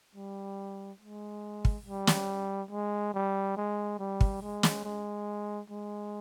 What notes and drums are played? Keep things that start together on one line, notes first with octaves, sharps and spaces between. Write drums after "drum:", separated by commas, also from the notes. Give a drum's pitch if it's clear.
G3
G#3
drum: kick
G3
drum: snare
G#3
G3
G#3
G3
drum: kick
G#3
drum: snare
G#3
G#3